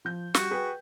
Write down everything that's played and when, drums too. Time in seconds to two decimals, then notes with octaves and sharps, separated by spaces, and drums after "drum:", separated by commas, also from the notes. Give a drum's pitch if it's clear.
0.05 F3 G6
0.34 G3 F#4, drum: snare
0.51 G#4 B4 G5